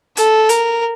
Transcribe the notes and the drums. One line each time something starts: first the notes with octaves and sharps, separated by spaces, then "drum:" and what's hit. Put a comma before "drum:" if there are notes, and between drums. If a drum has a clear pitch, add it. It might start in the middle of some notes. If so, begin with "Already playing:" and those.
A4, drum: hi-hat
A#4, drum: hi-hat